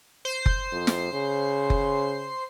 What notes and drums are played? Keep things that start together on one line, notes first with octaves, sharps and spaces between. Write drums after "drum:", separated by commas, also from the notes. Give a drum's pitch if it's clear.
C5 C7
drum: kick F#1
F2
drum: snare
C#3
drum: kick F#1